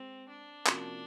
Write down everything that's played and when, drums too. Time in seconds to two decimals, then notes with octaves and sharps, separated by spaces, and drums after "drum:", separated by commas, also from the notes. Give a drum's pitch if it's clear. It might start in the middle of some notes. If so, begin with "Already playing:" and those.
Already playing: G#3 C4
0.29 D4
0.66 C3 F3 A#3 C#4 F#4, drum: clap